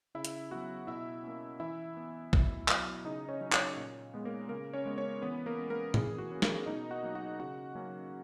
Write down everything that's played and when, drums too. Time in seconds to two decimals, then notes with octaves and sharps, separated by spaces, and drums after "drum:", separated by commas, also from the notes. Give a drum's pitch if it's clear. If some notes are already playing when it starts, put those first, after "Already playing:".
0.15 C#3 E4 E5
0.25 drum: hi-hat
0.51 F#3 B3 F#4 F#5
0.87 B2 E4 E5
1.23 A#3 C#4
1.60 E3 E4 E5
1.97 B3
2.33 B2, drum: kick
2.68 F#3 B3, drum: clap
3.05 C#3 D#4 D#5
3.29 C#4 C#5
3.41 F#3 C#4
3.52 C#4 C#5, drum: clap
3.77 A#2
4.14 G#3 B3
4.25 A#3 A#4
4.49 C#3 A#3 A#4
4.73 C#4 C#5
4.85 G#3 B3
4.98 C#4 C#5
5.21 E3 B3 B4
5.46 A#3 A#4
5.58 G#3 C#4
5.70 A#3 A#4
5.94 E3 G#4, drum: tom A2
6.18 F#4
6.31 A#3 C#4
6.42 A#3 A#4, drum: snare
6.66 B2 D#4 D#5
6.91 F#4 F#5
7.03 F#3 A#3
7.15 F#4 F#5
7.40 C#3 F#4 F#5
7.75 F#3 A#3 C#4